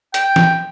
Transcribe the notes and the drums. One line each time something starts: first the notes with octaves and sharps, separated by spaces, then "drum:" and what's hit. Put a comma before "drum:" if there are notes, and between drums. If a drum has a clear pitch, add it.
G5, drum: hi-hat
drum: snare E3